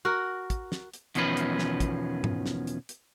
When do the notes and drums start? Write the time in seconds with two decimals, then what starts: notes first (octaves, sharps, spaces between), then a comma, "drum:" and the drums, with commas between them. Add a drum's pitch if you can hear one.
0.05 F#4 A#4
0.50 drum: kick, hi-hat
0.72 drum: snare
0.93 drum: hi-hat
1.15 E2 B2 D#3 F3 C#4 B4, drum: hi-hat
1.37 drum: hi-hat
1.59 drum: snare
1.80 drum: kick, hi-hat
2.24 drum: tom G#2
2.46 drum: snare
2.67 drum: hi-hat
2.89 drum: hi-hat